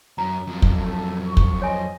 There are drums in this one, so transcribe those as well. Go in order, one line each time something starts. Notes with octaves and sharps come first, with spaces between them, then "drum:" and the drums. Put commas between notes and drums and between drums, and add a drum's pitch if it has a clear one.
F#2 A#5
F2 F#3
drum: kick
A3
C#6
drum: kick
C5 C#5 D#5 G#5